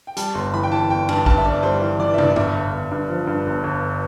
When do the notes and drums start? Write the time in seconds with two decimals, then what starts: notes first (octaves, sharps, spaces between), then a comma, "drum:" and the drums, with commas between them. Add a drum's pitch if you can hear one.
0.07 G5
0.17 G3 A5, drum: hi-hat
0.35 G1 C6
0.54 E3 B5
0.63 G5
0.71 E3 A5
0.89 G1 G5
1.09 G2 A5, drum: cymbal
1.26 G2 A5, drum: kick A#1
1.37 E5
1.45 G1 D5
1.63 G3 C5
1.82 E3
1.99 E3 D5
2.14 E5
2.18 G2 D5, drum: tom
2.30 D5
2.36 G1 E5, drum: tom G#2
2.55 G1
2.73 G1
2.91 G2
3.10 F3
3.27 G2
3.46 G1
3.64 G1